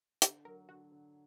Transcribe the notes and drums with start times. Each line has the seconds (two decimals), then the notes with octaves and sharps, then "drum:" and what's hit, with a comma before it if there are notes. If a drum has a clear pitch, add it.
0.22 D3 G4, drum: hi-hat
0.45 F#3 A#4
0.68 D3 F#4
0.92 D3